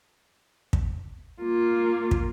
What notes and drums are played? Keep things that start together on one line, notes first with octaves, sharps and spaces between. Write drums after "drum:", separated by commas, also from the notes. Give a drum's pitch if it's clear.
drum: kick
A#3 F4
drum: kick